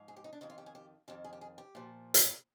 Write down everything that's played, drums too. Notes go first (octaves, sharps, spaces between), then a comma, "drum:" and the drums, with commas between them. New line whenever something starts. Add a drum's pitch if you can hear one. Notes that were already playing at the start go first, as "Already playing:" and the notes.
Already playing: G#2 F3
G#4
G4
D#4
D4
F2 D#3 D#4
F4
G4
G#4
G4
F2 D#3 G4
G#4
G4
G#4
G4
A#2 F3
drum: hi-hat